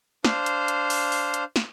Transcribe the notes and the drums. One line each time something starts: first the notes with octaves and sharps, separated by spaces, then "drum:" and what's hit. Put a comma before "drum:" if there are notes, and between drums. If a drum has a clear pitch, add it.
D4 C5 F5, drum: snare
drum: hi-hat
drum: hi-hat
drum: open hi-hat
drum: open hi-hat
drum: hi-hat
drum: snare